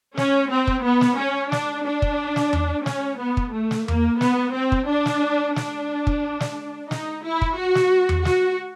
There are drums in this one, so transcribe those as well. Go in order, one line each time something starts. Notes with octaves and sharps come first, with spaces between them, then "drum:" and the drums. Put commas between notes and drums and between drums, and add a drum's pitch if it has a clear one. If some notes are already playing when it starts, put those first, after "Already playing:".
C#4, drum: snare
C4
drum: kick
B3
drum: snare
C#4
D4, drum: snare
D4
drum: kick
drum: snare
drum: tom E2
C#4, drum: snare
B3
drum: kick
A3
drum: snare
A#3, drum: tom E2
B3, drum: snare
C4
drum: kick
D4
drum: snare
D4, drum: snare
drum: kick
drum: snare
D#4, drum: snare
E4
drum: kick
F#4
drum: snare
drum: tom E2
F#4, drum: snare